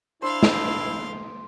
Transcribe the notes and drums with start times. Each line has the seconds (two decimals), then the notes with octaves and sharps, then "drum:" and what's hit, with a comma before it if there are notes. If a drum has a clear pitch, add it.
0.22 D4 E4 C5 F5 C6
0.43 drum: snare